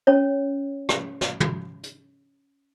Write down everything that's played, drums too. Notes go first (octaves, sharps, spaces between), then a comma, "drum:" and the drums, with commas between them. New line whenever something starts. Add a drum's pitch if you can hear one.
C#4 C#5
drum: rim click
drum: snare
drum: tom
drum: hi-hat